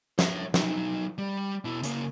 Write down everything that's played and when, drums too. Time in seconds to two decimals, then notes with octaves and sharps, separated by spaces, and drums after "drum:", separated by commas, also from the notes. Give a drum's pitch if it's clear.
0.19 C#5 E5, drum: snare
0.54 F#3 D#4, drum: snare
1.18 G3
1.65 B2 E4
1.84 C#3 A#3, drum: hi-hat